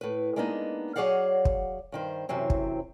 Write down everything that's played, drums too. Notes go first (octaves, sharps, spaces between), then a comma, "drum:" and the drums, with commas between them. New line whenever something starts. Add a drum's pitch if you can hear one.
A2 B4
G#3 A#3 B3 D4 D#4
F#3 G#4 C#5 D5 F5 F#5
drum: kick
G2 D#3 C5
F#2 C3 E3 F#3 C4
drum: kick